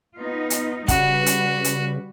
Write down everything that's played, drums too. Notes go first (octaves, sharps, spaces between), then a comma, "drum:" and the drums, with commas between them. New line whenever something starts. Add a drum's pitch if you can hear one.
B3 D#4 F4
drum: hi-hat
C#3 G3 F#4 B4 F#5, drum: kick, hi-hat
drum: hi-hat
drum: hi-hat